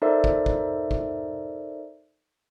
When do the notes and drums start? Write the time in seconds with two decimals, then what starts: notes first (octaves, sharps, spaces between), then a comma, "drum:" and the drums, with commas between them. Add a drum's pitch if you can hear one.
0.02 D#4 A4 A#4 C5 D5 E5
0.24 drum: kick
0.46 drum: kick
0.91 drum: kick